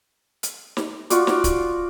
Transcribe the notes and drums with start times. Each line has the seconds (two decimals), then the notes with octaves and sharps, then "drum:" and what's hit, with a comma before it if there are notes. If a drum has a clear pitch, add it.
0.43 drum: hi-hat
0.77 drum: snare
1.10 F4 F#4 D5, drum: hi-hat
1.27 drum: snare
1.44 drum: kick D1, hi-hat